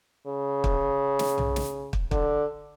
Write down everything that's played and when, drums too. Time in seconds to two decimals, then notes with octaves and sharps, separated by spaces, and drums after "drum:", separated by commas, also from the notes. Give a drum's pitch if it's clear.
0.27 C#3
0.64 drum: kick
1.19 drum: snare
1.38 drum: tom B1
1.56 drum: snare
1.93 drum: kick
2.11 D3, drum: kick